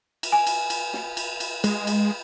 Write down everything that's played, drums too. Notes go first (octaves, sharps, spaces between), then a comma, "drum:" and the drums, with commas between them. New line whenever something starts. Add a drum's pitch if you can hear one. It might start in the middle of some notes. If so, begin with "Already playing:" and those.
drum: cymbal
G#5
drum: cymbal
drum: cymbal
drum: snare
drum: cymbal
drum: cymbal
G#3, drum: cymbal
drum: cymbal